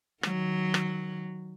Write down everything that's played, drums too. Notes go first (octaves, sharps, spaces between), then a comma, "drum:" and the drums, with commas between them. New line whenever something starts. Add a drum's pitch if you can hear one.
D#3 F#3, drum: rim click
drum: rim click